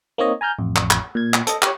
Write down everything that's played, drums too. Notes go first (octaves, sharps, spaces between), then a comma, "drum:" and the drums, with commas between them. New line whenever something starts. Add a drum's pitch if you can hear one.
A#3 C4 D#4 C#5 D#5
G#5 A#5 F6 G6
A1 F2
drum: clap
drum: clap
A#2 G#6
drum: clap
A4 D#5, drum: hi-hat
G4 C#5, drum: clap